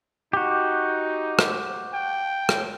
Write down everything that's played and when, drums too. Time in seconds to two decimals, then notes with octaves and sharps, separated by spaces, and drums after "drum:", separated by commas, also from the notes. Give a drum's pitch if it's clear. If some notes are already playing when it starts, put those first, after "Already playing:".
0.33 D#4 F#4 G4
1.39 drum: rim click
1.94 G5
2.49 drum: rim click